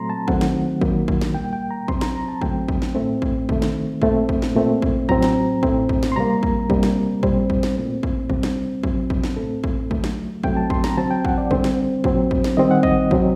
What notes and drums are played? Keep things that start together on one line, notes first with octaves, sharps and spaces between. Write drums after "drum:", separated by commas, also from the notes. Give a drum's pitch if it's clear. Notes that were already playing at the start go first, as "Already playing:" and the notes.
Already playing: A#2 F#3 A3 C4 A#5 C6
A5
D#3 F#3 A3 C4 F#5, drum: kick
drum: snare
D#3 F#3 A#3, drum: kick
drum: kick
drum: snare
A#2 G3 A#3 G5
G5
A#5
C3 F#3 C4 C6, drum: kick
A#5, drum: snare
A#5
A5
D3 F#3 A3 C4 G5, drum: kick
drum: kick
drum: snare
A2 A3 C4
drum: kick
C3 D#3 A3 C4, drum: kick
drum: snare
A#2 A3 C4, drum: kick
drum: kick
drum: snare
A#2 A3 C4
drum: kick
A2 F#3 C4 A#5, drum: kick
drum: snare
A2 A3 C4, drum: kick
drum: kick
drum: snare
C6
C3 G3 A#3 A#5
drum: kick
C3 G3 A#3, drum: kick
drum: snare
A#2 G3 C4 C5, drum: kick
drum: kick
drum: snare
A#2 A3 C4
drum: kick
C3 G3 C4, drum: kick
drum: snare
C3 F#3 C4, drum: kick
drum: kick
drum: snare
A2 A3 C4 A4
drum: kick
D3 F#3 A3, drum: kick
drum: snare
C3 F#3 A3 C4 G5, drum: kick
A5
C6, drum: kick
A#5, drum: snare
D3 F#3 C4 A5
G5
F#5, drum: kick
D5
D3 G3 C4 C5, drum: kick
drum: snare
A#2 F#3 C4, drum: kick
drum: kick
drum: snare
D#3 G3 C4 D#5
F#5
D#5, drum: kick
C3 F#3 C4, drum: kick